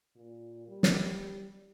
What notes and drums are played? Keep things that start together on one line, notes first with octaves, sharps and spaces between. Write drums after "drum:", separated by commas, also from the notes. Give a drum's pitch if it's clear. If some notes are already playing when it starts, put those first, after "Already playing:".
A#2
G3
drum: snare